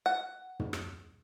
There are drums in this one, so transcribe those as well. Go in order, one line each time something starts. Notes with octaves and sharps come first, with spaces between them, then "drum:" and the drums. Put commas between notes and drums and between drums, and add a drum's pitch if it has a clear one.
F#5
drum: tom
drum: rim click